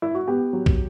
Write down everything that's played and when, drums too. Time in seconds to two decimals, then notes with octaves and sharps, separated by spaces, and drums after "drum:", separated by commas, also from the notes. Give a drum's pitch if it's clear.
0.02 E4
0.15 F#4
0.27 B3 G4
0.53 F#3
0.66 drum: kick